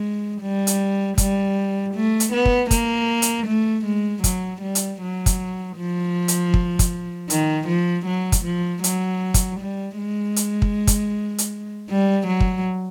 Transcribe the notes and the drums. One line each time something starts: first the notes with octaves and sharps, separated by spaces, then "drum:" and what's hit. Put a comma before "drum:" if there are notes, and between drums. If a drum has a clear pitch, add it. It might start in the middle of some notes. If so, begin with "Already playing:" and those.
Already playing: G#3
G3
drum: hi-hat
G3, drum: kick, hi-hat
A3
drum: hi-hat
B3
drum: kick
A#3, drum: kick, hi-hat
drum: hi-hat
A3
G#3
F#3, drum: kick, hi-hat
G3
drum: hi-hat
F#3
drum: kick, hi-hat
F3
drum: hi-hat
drum: kick
drum: kick, hi-hat
D#3, drum: hi-hat
F3
F#3
drum: kick, hi-hat
F3
F#3, drum: hi-hat
drum: kick, hi-hat
G3
G#3
drum: hi-hat
drum: kick
drum: kick, hi-hat
drum: hi-hat
G3
F#3
drum: kick